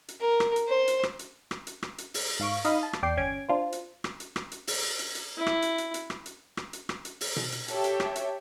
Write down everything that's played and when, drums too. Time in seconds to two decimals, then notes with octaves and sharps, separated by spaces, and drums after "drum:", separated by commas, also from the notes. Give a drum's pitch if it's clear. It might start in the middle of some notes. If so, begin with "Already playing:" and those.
0.08 drum: hi-hat
0.21 A#4
0.40 drum: rim click
0.56 drum: hi-hat
0.68 C5
0.88 drum: hi-hat
1.03 drum: rim click
1.19 drum: hi-hat
1.51 drum: rim click
1.67 drum: hi-hat
1.83 drum: rim click
1.98 drum: hi-hat
2.14 drum: open hi-hat
2.40 G#2 F5 C#6 D7
2.65 D#4 D#5 F5 B5 D#6, drum: hi-hat
2.83 A5
2.93 drum: rim click
3.03 E2 D5 G5 D6 C7
3.17 G1 C#4 G#6 D7
3.49 D4 F4 C5
3.72 drum: hi-hat
4.04 drum: rim click
4.20 drum: hi-hat
4.36 drum: rim click
4.52 drum: hi-hat
4.67 drum: open hi-hat
4.99 drum: hi-hat
5.15 drum: hi-hat
5.37 E4
5.47 drum: rim click
5.62 drum: hi-hat
5.78 drum: hi-hat
5.94 drum: hi-hat
6.10 drum: rim click
6.26 drum: hi-hat
6.57 drum: rim click
6.73 drum: hi-hat
6.89 drum: rim click
7.05 drum: hi-hat
7.21 drum: open hi-hat
7.36 drum: tom B2
7.52 drum: hi-hat
7.68 G4 A4 C#5 E5 G5, drum: hi-hat
7.84 drum: hi-hat
8.00 drum: rim click
8.16 drum: hi-hat